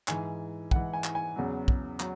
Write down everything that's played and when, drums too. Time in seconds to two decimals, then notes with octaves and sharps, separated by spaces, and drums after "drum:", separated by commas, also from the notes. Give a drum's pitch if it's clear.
0.08 G#2 E3 G#5, drum: clap
0.71 G#2 E3 F#5, drum: kick
0.93 G#5
1.04 drum: clap
1.15 G#5
1.36 E2 C#3 F#3
1.68 drum: kick
2.00 F#3, drum: clap